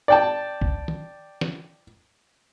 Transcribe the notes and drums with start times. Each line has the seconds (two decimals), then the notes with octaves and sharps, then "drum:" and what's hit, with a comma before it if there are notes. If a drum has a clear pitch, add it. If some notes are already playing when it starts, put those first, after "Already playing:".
0.08 D5 G5 A5
0.62 drum: kick C2
0.88 drum: tom
1.41 drum: snare